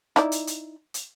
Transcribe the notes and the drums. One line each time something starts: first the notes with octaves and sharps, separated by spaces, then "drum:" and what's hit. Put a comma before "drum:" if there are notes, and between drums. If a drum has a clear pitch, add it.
D#4 E4 D5, drum: rim click
drum: hi-hat
drum: hi-hat
drum: hi-hat